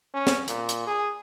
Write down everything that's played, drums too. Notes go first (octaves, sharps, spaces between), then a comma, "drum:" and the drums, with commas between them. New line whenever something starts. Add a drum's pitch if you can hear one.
C#4
drum: snare
A#2, drum: hi-hat
drum: hi-hat
G#4